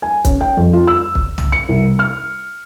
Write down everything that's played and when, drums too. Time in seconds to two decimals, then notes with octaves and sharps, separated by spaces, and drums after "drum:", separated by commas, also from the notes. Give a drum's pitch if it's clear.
0.02 G#5
0.25 C#4, drum: kick, hi-hat
0.41 G5
0.57 F2
0.73 F4
0.87 E6
1.15 drum: kick
1.38 drum: tom
1.52 C#7
1.69 C2
1.99 F6